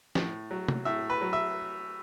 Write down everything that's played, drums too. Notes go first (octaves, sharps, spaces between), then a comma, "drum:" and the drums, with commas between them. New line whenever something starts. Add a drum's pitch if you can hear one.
A2, drum: snare
F#3
drum: tom
A2 E5
B4
F#3
E5